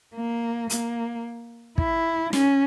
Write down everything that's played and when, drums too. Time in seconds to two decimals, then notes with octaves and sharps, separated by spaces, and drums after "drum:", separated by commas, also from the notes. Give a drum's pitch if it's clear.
0.14 A#3
0.70 A#3, drum: hi-hat
1.78 E4, drum: kick
2.33 C#4, drum: snare